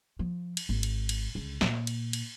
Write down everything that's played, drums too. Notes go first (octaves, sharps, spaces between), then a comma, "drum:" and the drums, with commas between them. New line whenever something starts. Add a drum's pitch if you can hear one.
F3
drum: cymbal
G#1
drum: cymbal
drum: cymbal
C#2 D3
A#2, drum: snare
drum: cymbal
drum: cymbal